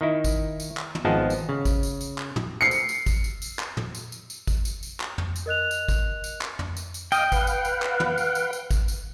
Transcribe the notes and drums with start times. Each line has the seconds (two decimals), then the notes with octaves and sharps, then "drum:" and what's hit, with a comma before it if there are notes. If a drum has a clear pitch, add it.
0.01 D#3 D#4 E4
0.24 drum: kick, tambourine
0.60 drum: tambourine
0.77 drum: clap
0.95 drum: tom
1.05 G#1 F3 B3 D#4 G#4 A5
1.30 drum: tambourine
1.49 C#3
1.65 drum: kick, tambourine
1.83 drum: tambourine
2.01 drum: tambourine
2.18 drum: clap
2.36 drum: tom
2.61 C7 C#7
2.71 drum: tambourine
2.89 drum: tambourine
3.06 drum: kick, tambourine
3.24 drum: tambourine
3.42 drum: tambourine
3.59 drum: clap
3.77 drum: tom
3.95 drum: tambourine
4.12 drum: tambourine
4.30 drum: tambourine
4.47 drum: kick, tambourine
4.65 drum: tambourine
4.83 drum: tambourine
5.00 drum: clap
5.18 drum: tom
5.36 drum: tambourine
5.46 A#4 D#5 F#6 F7
5.71 drum: tambourine
5.88 drum: kick, tambourine
6.24 drum: tambourine
6.41 drum: clap
6.59 drum: tom
6.77 drum: tambourine
6.94 drum: tambourine
7.12 D#5 F5 G5 D#6, drum: tambourine
7.32 B4 F5 F#5, drum: kick, tambourine
7.47 drum: tambourine
7.65 drum: tambourine
7.82 drum: clap
8.00 drum: tom
8.18 drum: tambourine
8.35 drum: tambourine
8.53 drum: tambourine
8.71 drum: kick, tambourine
8.88 drum: tambourine